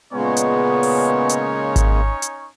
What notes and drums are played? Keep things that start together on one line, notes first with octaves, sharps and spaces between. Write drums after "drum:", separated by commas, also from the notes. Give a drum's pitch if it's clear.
A#2 C#3 G#3 B3 C#4 D#4 C#5
drum: hi-hat
drum: open hi-hat
drum: hi-hat
drum: kick G#1, hi-hat
drum: hi-hat